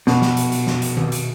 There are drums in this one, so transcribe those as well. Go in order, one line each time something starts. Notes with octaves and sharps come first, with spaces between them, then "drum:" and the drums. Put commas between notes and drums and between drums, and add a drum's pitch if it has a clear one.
B2, drum: snare
drum: snare
drum: hi-hat
drum: hi-hat
drum: snare
drum: hi-hat
drum: tom D#3
drum: hi-hat